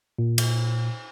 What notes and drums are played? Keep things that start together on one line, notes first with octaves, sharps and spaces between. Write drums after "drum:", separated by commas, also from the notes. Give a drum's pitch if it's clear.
A#2
drum: cymbal